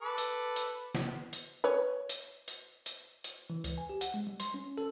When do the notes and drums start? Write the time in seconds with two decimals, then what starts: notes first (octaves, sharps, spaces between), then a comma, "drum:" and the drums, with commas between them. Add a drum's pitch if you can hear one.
0.02 A4 B4 D6
0.18 drum: hi-hat
0.56 drum: hi-hat
0.95 drum: snare
1.33 drum: hi-hat
1.64 B4 C#5
2.09 drum: hi-hat
2.48 drum: hi-hat
2.86 drum: hi-hat
3.24 drum: hi-hat
3.50 E3
3.64 C#2, drum: hi-hat
3.78 G#5
3.89 G4
4.01 F#5, drum: hi-hat
4.14 G#3
4.27 G3
4.40 C6, drum: hi-hat
4.54 C#4
4.78 A4